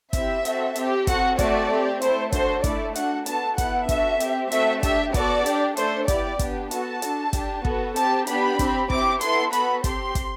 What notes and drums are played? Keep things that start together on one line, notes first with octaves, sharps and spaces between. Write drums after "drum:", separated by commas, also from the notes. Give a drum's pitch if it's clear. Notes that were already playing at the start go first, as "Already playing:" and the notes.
C4 E4 G4 E5, drum: kick, hi-hat
C4 F#4 A4, drum: hi-hat
C4 G4, drum: hi-hat
C4 F#4 A4 F#5, drum: kick, hi-hat
A3 C4 F#4 A4 D5, drum: kick, hi-hat
C4 G4
A3 E4 A4 C5, drum: hi-hat
D4 F#4 A4 C5, drum: kick, hi-hat
A3 E4 A4 D5, drum: kick, hi-hat
D4 F#4 A4 F#5, drum: hi-hat
B3 D4 F#4 A4 A5, drum: hi-hat
B3 E4 A4 F#5, drum: kick, hi-hat
D4 F#4 A4 E5, drum: kick, hi-hat
C4 G4, drum: hi-hat
A3 C4 F#4 A4 E5, drum: hi-hat
D4 G4 E5, drum: kick, hi-hat
B3 F#4 A4 D5, drum: kick, hi-hat
D4 G4, drum: hi-hat
A3 D4 A4 C5, drum: hi-hat
B3 E4 G4 D5, drum: kick, hi-hat
B3 D4 G4, drum: kick, hi-hat
B3 F#4 A4 A5, drum: hi-hat
D4 F#4 A4, drum: hi-hat
D4 G4, drum: kick, hi-hat
B3 F#4 A4, drum: kick
C4 G4 A5, drum: hi-hat
B3 D4 G4 B5, drum: hi-hat
C4 G4, drum: kick, hi-hat
C4 E4 G4 D6, drum: kick
B3 E4 A4 C6, drum: hi-hat
B3 F#4 A4 B5, drum: hi-hat
C4 G4 C6, drum: kick, hi-hat
drum: kick, hi-hat